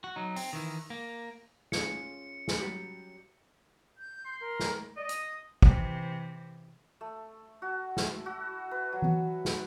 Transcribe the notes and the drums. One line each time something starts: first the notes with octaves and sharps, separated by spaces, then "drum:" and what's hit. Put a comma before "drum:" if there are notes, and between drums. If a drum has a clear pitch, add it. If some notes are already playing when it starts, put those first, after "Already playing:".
F#4
F#3 D#4
C4, drum: open hi-hat
D#3 E3
A#3
C#4 F4 G#4 C#7, drum: snare
drum: snare
F#3 G3 G4
G6
C6
A#4
drum: snare
D5 D#5
D#6, drum: hi-hat
C3 E3, drum: kick
A3
F#4
E4, drum: snare
F#4
B4
F#3
drum: tom E3
drum: snare